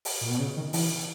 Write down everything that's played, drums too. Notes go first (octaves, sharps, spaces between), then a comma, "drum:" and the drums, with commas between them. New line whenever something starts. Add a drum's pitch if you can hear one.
drum: open hi-hat
A#2
B2
C#3
D#3
E3, drum: open hi-hat